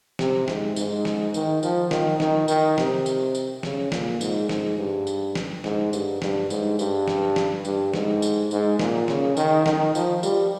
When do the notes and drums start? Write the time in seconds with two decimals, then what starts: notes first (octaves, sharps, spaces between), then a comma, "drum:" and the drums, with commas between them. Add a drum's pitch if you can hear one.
0.19 C3, drum: snare
0.48 G#2, drum: snare
0.76 G#2, drum: tambourine
1.05 drum: snare
1.34 D#3, drum: tambourine
1.63 F3, drum: tambourine
1.91 D#3, drum: snare
2.20 D#3, drum: snare
2.48 D#3, drum: tambourine
2.78 C3, drum: snare
3.06 drum: tambourine
3.35 drum: tambourine
3.63 C#3, drum: snare
3.92 A#2, drum: snare
4.21 G#2, drum: tambourine
4.49 G#2, drum: snare
4.78 G2
5.07 drum: tambourine
5.35 drum: snare
5.64 G#2, drum: snare
5.93 G2, drum: tambourine
6.22 G2, drum: snare
6.50 G#2, drum: tambourine
6.79 G2, drum: tambourine
7.08 drum: snare
7.36 drum: snare
7.65 G2, drum: tambourine
7.94 G#2, drum: snare
8.22 drum: tambourine
8.51 G#2, drum: tambourine
8.79 A#2, drum: snare
9.08 C#3, drum: snare
9.37 D#3, drum: tambourine
9.66 D#3, drum: snare
9.95 F3, drum: tambourine
10.23 G3, drum: tambourine